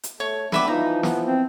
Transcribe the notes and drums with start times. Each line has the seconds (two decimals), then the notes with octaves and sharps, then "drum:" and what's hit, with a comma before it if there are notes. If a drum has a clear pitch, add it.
0.03 drum: hi-hat
0.20 A3 C#5
0.52 G3 B3 D4 B4 E5 D6, drum: snare
0.68 E3 F3 D#4 A#5
1.03 B3, drum: snare
1.27 C4